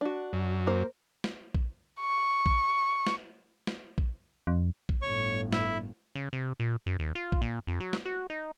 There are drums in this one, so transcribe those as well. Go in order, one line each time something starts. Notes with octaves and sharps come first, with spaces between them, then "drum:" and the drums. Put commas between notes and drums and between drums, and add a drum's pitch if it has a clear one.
D4 F#4
F#2
A#3 A#4 C5
drum: snare
drum: kick A#1
C#6
drum: kick A#1
drum: snare
drum: snare
drum: kick A#1
F2
drum: kick A#1
G1 A2 C#5 C#6
E4 E5, drum: snare
C#3
C3
A#2
F#2
D#2
F4
drum: kick A#1
A#2
F2
F#3
drum: snare
F#4
D#4